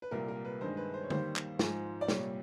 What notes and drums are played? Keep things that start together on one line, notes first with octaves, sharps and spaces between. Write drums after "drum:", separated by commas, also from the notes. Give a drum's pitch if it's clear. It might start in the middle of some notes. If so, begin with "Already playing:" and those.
B4
C2 A#2 G3 A#4
A#4
B4
G2 D#3 G#3 C5
B4
C5
C#5
D#2 D#3 G3 C5, drum: tom
drum: clap
G#2 F3 G#3, drum: snare
D5
C2 A#2 G3 C#5, drum: snare